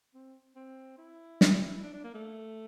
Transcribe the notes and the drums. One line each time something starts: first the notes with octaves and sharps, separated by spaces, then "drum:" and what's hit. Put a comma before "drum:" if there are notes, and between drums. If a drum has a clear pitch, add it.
C4
C4
E4
drum: snare
D4
D4
A#3
A3